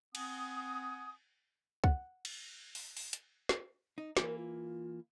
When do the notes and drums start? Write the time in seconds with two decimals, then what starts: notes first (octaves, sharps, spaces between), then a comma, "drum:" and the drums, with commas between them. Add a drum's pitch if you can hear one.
0.15 C4 F#5 G#5 D#6, drum: cymbal
1.84 F#5, drum: kick C#2
2.25 drum: cymbal
2.75 drum: open hi-hat
2.97 drum: open hi-hat
3.13 drum: hi-hat
3.49 drum: snare
3.98 D#4
4.17 E3 A#3 A#4, drum: snare
4.38 F4